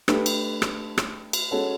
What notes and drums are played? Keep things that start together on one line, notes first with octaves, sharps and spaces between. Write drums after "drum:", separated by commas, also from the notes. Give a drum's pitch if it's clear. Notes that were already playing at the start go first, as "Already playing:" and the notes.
A3 D4 G4 B4, drum: rim click
drum: cymbal
drum: rim click
drum: rim click
drum: cymbal
G#3 C#4 F#4 A4 C#5